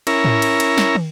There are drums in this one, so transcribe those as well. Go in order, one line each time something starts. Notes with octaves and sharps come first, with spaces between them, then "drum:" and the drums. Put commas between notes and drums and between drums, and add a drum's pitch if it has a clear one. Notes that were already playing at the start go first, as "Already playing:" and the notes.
C#4 E4 A#4, drum: cymbal
drum: tom A2
drum: cymbal
drum: cymbal
drum: snare
drum: tom